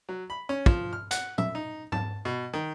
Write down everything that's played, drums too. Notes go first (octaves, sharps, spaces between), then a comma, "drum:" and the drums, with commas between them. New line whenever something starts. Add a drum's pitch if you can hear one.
F#3
B5
C#4
F3, drum: kick
F6
F#5, drum: hi-hat
E5, drum: tom
D#4
A5, drum: tom
B2
D#3